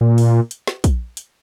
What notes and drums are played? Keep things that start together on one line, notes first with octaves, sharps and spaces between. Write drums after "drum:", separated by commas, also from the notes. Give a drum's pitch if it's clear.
A#2
drum: open hi-hat
drum: hi-hat
drum: snare
drum: kick, hi-hat
drum: hi-hat